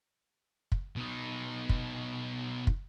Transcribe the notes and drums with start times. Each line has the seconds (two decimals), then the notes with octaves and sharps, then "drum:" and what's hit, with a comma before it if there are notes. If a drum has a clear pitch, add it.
0.72 drum: kick
0.96 B2 D#4
1.69 drum: kick
2.67 drum: kick